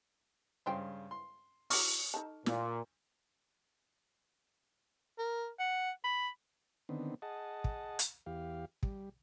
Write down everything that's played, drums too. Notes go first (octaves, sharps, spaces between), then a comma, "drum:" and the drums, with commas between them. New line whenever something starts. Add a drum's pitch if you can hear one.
G2 C#3 G#3 C5 G5 C6
C6
E4 F#4 C#6 D6 F6, drum: open hi-hat
D#4 A4 A5
A#2, drum: snare
A#4
F#5
B5
D3 D#3 B3 C4
G#4 D#5 F#5 A5
drum: kick
drum: hi-hat
E2 G4 F5
G3, drum: kick